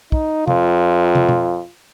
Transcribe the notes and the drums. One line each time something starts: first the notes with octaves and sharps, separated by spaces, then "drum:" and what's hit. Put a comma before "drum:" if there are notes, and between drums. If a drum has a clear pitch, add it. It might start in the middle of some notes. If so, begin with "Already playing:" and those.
D#4, drum: kick
F2 F4, drum: tom
drum: tom
drum: tom B2